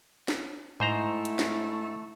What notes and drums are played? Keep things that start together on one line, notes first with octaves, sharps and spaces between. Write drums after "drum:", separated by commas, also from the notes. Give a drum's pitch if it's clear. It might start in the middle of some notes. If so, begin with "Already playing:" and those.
drum: snare
G#2 A3 E4 C5 A#5, drum: tom G#2
drum: hi-hat
drum: snare